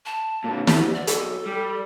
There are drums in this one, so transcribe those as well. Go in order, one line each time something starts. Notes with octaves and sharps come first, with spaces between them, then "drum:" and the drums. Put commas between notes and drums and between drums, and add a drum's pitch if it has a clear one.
A5
A#2 D3
D2 G4, drum: snare
D5
B1 A4, drum: hi-hat
G3